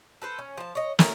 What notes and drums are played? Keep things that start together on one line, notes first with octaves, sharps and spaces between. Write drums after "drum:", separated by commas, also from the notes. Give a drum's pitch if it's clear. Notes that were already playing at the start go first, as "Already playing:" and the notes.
A4 B4 C5
C#4
F3 A5
C#5 D#5
A3 C#4 A#4, drum: snare